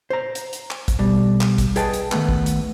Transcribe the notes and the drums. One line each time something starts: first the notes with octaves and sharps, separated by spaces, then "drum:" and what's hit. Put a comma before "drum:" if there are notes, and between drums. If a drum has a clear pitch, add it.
C5 A#5
drum: hi-hat
drum: hi-hat
drum: clap
drum: kick, hi-hat
B2 G3
drum: clap
drum: kick, hi-hat
G#4 B4 D#5 G5 A5, drum: hi-hat
drum: hi-hat
D#3 A3 B3, drum: clap
drum: kick
drum: hi-hat